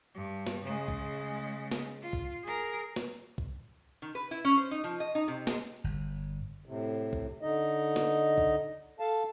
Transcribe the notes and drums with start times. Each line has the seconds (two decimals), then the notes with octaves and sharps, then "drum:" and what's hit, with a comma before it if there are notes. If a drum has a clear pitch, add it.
0.15 G2
0.47 drum: snare
0.65 C#3 G#3
0.88 drum: kick
1.71 drum: snare
2.03 F4
2.13 drum: kick
2.44 G#4 A#4
2.96 drum: snare
3.38 drum: kick
4.02 D#3
4.15 B4
4.31 E4
4.45 C#4
4.57 C5
4.71 D#4
4.84 F3
5.00 D#5
5.15 D#4
5.28 C3
5.47 G#3, drum: snare
5.84 G1
6.66 A2 C3
7.13 drum: kick
7.42 D3 D#4 D#5
7.96 drum: snare
8.38 drum: kick
9.00 A4 F5 A5